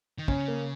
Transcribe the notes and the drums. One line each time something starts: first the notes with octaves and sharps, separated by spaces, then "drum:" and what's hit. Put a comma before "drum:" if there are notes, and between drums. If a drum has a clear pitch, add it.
D#3
C#3 C#4, drum: kick
A#3